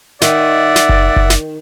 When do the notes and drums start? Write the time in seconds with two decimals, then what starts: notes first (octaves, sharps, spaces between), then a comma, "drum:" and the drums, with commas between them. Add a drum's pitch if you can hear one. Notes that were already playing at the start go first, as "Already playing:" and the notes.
0.22 D#3 D5 E5 F#5, drum: snare
0.76 drum: snare
0.89 drum: kick F#1
1.16 drum: kick F#1
1.30 drum: snare